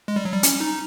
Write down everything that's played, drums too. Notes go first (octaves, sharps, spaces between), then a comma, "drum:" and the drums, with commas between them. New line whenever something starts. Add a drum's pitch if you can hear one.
G#3
G3
F#3
G3
C#4, drum: hi-hat
D#4